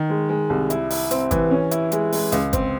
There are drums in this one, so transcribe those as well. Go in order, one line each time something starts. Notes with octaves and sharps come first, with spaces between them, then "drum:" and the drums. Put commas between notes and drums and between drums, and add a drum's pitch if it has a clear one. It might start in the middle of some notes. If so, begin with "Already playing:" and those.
Already playing: D#3
G#3
G#3
C2
E4, drum: hi-hat
E4, drum: open hi-hat
C4, drum: hi-hat
E3, drum: kick, hi-hat
C#4
E4, drum: hi-hat
G#3, drum: hi-hat
G#3, drum: open hi-hat
C#2, drum: hi-hat
C4, drum: kick, hi-hat